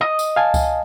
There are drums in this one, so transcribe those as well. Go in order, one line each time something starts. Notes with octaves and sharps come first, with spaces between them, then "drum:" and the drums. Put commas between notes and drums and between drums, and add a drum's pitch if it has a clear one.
D#5
drum: tambourine
F5 G#5 A5
drum: kick C#2, tambourine